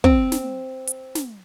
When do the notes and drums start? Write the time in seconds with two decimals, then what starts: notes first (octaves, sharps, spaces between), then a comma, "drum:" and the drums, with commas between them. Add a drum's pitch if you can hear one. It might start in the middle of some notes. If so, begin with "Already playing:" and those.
0.04 C4, drum: kick
0.32 drum: snare
0.87 drum: hi-hat
1.15 drum: snare